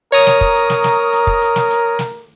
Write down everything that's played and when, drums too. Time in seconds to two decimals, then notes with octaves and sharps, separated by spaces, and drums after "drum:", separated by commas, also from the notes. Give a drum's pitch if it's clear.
0.12 A#4 C#5 A#5 D#6
0.27 drum: snare
0.41 drum: kick
0.55 drum: hi-hat
0.70 drum: snare
0.84 drum: snare
1.13 drum: hi-hat
1.27 drum: kick
1.41 drum: hi-hat
1.56 drum: snare
1.70 drum: hi-hat
1.99 drum: snare